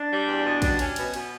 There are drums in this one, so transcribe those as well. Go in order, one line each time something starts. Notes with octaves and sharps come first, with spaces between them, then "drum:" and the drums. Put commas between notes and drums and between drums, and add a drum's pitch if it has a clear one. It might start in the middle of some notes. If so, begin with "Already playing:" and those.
Already playing: D4
G3
E2
B2
G3, drum: kick, cymbal
C#4, drum: cymbal
B2, drum: cymbal
B2, drum: cymbal